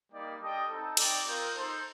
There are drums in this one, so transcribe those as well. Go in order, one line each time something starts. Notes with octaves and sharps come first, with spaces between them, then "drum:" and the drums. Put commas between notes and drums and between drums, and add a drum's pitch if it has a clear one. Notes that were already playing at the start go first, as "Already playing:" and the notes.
G3 A#3 D#4 G4 D5
G3 D4 A4 D#5 G5
C4 D#4 A4
C4 D#4 G4 D5, drum: cymbal
C4 F4 A#4 D#5 G5
D#4 A4 C5